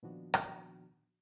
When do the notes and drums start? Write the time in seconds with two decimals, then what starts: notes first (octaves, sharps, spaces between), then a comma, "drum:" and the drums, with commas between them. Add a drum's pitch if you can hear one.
0.03 A#2 D#3 F3 B3 D4 F#4
0.34 drum: rim click